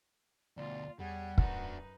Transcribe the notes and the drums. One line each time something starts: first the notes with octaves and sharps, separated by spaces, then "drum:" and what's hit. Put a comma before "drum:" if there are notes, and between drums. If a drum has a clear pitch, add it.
D2 B2 F4 D5
E2 G3 G#4 C#5 F#5
F#2 D4 D#4 F#4 B4, drum: kick